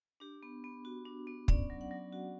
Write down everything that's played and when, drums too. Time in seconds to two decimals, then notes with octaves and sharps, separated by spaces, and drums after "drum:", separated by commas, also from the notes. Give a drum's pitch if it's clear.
0.20 D4 G4
0.43 B3
0.64 B3
0.85 F#4
1.05 D4
1.27 B3
1.48 C#4 D5, drum: kick
1.70 F#3
1.81 F#5
1.91 F#3
2.12 F#4